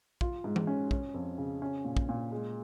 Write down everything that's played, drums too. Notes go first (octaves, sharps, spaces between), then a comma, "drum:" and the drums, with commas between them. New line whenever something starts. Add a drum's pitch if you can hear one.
F4, drum: kick
G#2
drum: tom E3
C#4
C#4, drum: kick
F2
C#3
C#4
A#2
drum: kick
A#2
G#3